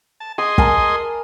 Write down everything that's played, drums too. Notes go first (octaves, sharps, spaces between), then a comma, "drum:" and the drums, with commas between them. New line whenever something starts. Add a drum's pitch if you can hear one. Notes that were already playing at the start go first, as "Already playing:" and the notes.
A5
G#4 D#5 C6 D6
A#4 G#5 A5, drum: kick